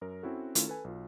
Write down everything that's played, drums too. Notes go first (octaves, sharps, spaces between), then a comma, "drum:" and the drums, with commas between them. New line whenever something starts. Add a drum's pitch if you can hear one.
F#2 A#4
C4 C#4 E4 F#4 A4
D#3 A3 C#4 E4 F4, drum: hi-hat
A4 B4 G#5
B1 F4